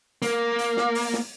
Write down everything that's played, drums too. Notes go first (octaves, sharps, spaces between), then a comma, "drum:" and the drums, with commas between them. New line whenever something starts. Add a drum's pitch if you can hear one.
A#3, drum: hi-hat
drum: hi-hat
drum: snare
drum: open hi-hat
drum: snare